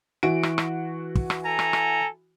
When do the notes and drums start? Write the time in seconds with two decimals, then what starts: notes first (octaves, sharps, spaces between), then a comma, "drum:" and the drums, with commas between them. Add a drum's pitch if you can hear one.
0.23 E3 F#4 D7
0.43 drum: rim click
0.58 drum: rim click
1.15 drum: kick
1.30 drum: rim click
1.44 A4 G#5 A#5
1.59 drum: rim click
1.73 drum: rim click